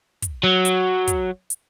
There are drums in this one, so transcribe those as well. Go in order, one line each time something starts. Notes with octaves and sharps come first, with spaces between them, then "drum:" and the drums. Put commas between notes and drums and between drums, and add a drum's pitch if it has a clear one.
drum: kick, hi-hat
F#3
drum: hi-hat
drum: kick, hi-hat
drum: hi-hat